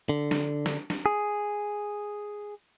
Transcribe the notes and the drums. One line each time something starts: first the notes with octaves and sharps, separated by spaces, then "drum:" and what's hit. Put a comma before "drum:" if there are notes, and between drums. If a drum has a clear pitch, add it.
D3
drum: snare
drum: snare
drum: snare
G#4